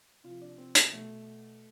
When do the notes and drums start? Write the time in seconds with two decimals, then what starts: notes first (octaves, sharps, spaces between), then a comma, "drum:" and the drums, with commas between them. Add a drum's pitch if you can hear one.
0.24 C3 F3 F4
0.41 D4
0.58 C4
0.75 B3, drum: hi-hat
0.92 B2 A3